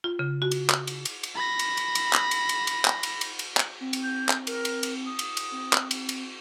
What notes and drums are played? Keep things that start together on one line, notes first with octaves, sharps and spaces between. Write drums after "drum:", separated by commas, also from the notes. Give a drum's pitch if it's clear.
F4
C#3
F#4
drum: cymbal
drum: clap
drum: cymbal
drum: cymbal
drum: cymbal
B5 A#6
drum: cymbal
drum: cymbal
drum: cymbal
drum: clap
drum: cymbal
drum: cymbal
drum: cymbal
drum: clap
drum: cymbal
drum: cymbal
drum: cymbal
drum: clap
C4
drum: cymbal
G6
drum: clap
A#4, drum: cymbal
drum: cymbal
drum: cymbal
D#6
drum: cymbal
drum: cymbal
C4
drum: clap
drum: cymbal
drum: cymbal